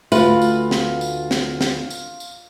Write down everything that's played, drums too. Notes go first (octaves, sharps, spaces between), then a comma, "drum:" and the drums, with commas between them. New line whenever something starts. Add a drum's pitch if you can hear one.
D2 F4 B4, drum: tambourine
drum: tambourine
drum: snare
drum: tambourine
drum: snare
drum: snare
drum: tambourine
drum: tambourine